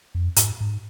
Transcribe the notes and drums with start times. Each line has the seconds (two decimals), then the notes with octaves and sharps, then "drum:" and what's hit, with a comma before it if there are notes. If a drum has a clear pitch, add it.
0.15 F2
0.36 G#2, drum: hi-hat
0.60 G#2